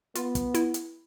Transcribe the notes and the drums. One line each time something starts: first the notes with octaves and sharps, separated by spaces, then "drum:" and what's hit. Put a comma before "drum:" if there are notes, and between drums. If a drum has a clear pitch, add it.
B3 F4, drum: hi-hat
drum: kick, hi-hat
E4, drum: hi-hat
drum: hi-hat